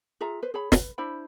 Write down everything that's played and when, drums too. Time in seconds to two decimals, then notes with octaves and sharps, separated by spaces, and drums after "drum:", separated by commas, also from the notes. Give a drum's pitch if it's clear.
0.21 F4 G#4 E5 A#5
0.43 B4 C5
0.54 G#4 C#5 B5
0.72 B4, drum: snare
0.98 D4 E4 C5 B5